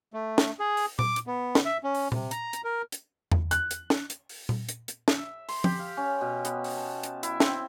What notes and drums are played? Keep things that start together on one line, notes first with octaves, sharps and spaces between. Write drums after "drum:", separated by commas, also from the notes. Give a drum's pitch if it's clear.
A3
drum: snare
G#4
drum: open hi-hat
D6, drum: tom A#2
drum: hi-hat
B3
drum: snare
E5
C#4
drum: open hi-hat
C3, drum: tom A#2
A#5, drum: hi-hat
drum: hi-hat
A#4
drum: hi-hat
drum: tom E2
F#6, drum: hi-hat
drum: hi-hat
drum: snare
drum: hi-hat
drum: open hi-hat
drum: tom A#2
drum: hi-hat
drum: hi-hat
drum: snare
E5
C6, drum: open hi-hat
G4, drum: tom
F5
C#4
B2
B3, drum: hi-hat
drum: open hi-hat
A5
drum: hi-hat
E4, drum: hi-hat
C4, drum: snare